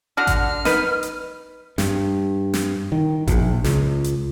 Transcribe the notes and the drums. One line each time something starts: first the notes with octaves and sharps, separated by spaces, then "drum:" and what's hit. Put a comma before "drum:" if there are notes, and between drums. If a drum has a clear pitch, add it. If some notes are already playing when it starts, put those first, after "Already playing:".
D3 F#4 F#5 F6
drum: kick G#1, hi-hat
D#4 B4, drum: snare
drum: hi-hat
G2, drum: snare
drum: snare
D#3
A#1, drum: kick G#1, hi-hat
C#2, drum: snare
drum: hi-hat